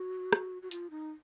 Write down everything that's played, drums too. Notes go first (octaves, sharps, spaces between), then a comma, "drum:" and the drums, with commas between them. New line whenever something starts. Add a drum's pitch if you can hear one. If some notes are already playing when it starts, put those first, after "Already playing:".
Already playing: F#4
drum: rim click
F#4
F4, drum: hi-hat
D#4